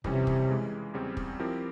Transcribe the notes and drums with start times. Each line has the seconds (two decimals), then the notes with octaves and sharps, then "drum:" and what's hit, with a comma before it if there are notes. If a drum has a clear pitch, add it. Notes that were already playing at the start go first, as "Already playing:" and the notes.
0.04 F2 C3 E3 G3 C#4, drum: kick
0.27 drum: kick
0.50 C#3 E3 G#3
0.94 E2 C#3 G3 C4
1.17 drum: kick
1.39 F3 C4 E4 G4 A#4